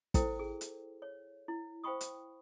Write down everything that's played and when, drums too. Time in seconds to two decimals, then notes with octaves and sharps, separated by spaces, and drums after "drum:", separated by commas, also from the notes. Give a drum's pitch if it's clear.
0.14 E4 A4 C5 G5, drum: kick, hi-hat
0.39 G#4
0.61 drum: hi-hat
1.02 C#5
1.48 E4
1.84 C5 F5 G5 B5 C#6 D#6
2.01 drum: hi-hat